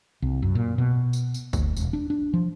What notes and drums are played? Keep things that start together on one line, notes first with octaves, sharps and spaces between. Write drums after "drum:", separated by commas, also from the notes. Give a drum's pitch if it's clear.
C2
F#2
A#2
B2
drum: tambourine
drum: tambourine
D2, drum: kick, tambourine
E1, drum: tambourine
D4
D4
F3